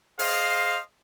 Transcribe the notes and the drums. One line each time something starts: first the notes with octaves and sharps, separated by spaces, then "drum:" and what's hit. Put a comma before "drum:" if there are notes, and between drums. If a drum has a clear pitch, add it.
G#4 C5 D#5 F5, drum: open hi-hat